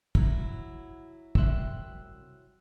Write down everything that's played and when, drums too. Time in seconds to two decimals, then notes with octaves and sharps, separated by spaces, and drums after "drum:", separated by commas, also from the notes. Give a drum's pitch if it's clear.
0.15 F#3 E4, drum: kick
1.35 C2 C4 E5 G5 C6 E6 F#6, drum: kick